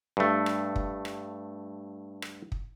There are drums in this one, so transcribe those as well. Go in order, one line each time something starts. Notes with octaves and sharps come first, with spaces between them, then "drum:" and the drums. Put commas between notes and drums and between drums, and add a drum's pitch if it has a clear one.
G2 A3
drum: rim click
drum: kick
drum: rim click
drum: rim click
drum: kick